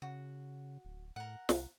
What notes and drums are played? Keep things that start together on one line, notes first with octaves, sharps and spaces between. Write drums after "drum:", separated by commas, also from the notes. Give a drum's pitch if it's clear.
C#3 F#4
D1
A2 A#4 F#5
C2, drum: snare